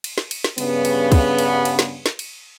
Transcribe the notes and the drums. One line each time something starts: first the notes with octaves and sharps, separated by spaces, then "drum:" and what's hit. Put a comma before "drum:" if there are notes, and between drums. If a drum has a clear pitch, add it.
drum: cymbal
drum: snare
drum: cymbal
drum: snare
G2 C#3 B3, drum: cymbal
drum: cymbal
drum: kick, cymbal
drum: cymbal
drum: cymbal
drum: snare
drum: snare
drum: cymbal